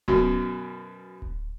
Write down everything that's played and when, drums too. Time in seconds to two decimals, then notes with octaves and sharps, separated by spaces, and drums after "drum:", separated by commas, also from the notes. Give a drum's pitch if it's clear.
0.08 F#2 B2, drum: kick D1
1.22 drum: kick D1